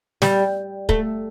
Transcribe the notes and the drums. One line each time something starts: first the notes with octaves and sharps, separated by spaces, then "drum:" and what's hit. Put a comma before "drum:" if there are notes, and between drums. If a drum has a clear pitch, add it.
G3, drum: snare
A3, drum: kick